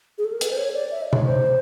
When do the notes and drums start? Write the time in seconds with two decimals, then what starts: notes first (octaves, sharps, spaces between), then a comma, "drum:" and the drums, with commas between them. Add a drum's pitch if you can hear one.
0.18 G#4
0.25 A4
0.32 A#4
0.41 B4, drum: hi-hat
0.50 C5
0.57 C#5
0.74 D5
0.91 E5
1.02 D#5
1.13 C#5, drum: tom C3
1.25 C5